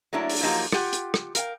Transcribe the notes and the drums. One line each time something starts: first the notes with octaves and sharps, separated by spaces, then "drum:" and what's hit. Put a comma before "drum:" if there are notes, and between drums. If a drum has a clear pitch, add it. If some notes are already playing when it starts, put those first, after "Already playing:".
F#3 A3 A#3 D4 E4
drum: open hi-hat
F3 F#3 A#3 D#4 F4 G4
F4 G4 F#5 G5, drum: rim click
drum: hi-hat
drum: rim click
A#4 F5 G5, drum: hi-hat